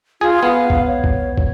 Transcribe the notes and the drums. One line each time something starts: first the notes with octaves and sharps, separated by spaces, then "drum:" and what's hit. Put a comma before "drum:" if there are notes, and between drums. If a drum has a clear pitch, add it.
F4 G#4
B3 F5
drum: kick
C#5
drum: kick
drum: kick